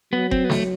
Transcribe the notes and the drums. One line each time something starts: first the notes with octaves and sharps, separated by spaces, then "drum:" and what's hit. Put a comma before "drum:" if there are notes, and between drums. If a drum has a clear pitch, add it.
F#3 B3
C4, drum: kick F#1
B3
A3, drum: snare